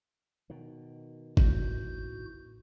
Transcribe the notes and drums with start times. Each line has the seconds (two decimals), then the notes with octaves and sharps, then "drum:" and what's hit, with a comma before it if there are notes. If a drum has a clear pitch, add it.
0.50 B2 D#3
1.37 A2 F#4 G6, drum: kick